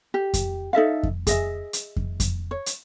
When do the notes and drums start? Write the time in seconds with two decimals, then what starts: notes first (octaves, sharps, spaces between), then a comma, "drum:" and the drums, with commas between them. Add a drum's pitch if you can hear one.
0.14 G4
0.34 drum: kick F2, hi-hat
0.73 D#4 A4 E5 F5
1.03 drum: kick F2
1.27 G#4 D#5 E5, drum: kick F2, hi-hat
1.73 drum: hi-hat
1.96 drum: kick F2
2.20 drum: kick F2, hi-hat
2.51 C#5
2.66 drum: hi-hat